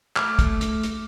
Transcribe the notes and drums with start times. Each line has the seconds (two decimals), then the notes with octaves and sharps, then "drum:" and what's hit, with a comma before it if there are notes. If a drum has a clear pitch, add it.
0.16 A3 D6 F6, drum: clap
0.39 drum: kick, hi-hat
0.61 drum: hi-hat
0.83 drum: hi-hat